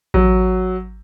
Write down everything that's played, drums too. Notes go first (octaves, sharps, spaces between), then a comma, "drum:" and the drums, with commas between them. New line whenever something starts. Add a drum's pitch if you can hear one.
F#3, drum: kick A1